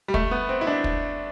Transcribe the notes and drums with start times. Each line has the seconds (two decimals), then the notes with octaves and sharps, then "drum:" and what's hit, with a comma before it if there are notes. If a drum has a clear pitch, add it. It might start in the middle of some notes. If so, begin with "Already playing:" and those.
0.08 G3
0.14 A3, drum: kick
0.31 B3
0.49 C4
0.61 E4
0.67 D4
0.84 drum: kick